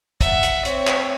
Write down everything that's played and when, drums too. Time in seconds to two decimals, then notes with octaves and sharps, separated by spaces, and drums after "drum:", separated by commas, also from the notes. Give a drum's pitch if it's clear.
0.21 E5 F#5, drum: kick, hi-hat
0.43 drum: hi-hat
0.65 C4 C#5, drum: hi-hat
0.87 drum: clap